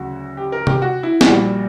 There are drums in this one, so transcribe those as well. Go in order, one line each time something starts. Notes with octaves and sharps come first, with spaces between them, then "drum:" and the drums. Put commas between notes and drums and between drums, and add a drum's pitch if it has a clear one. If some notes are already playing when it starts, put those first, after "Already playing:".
Already playing: D2 C#3 F#3 F#4
G4
A#4
G4, drum: tom C3
F#4
E4
E4, drum: snare
A#1 A#2 G3 F#4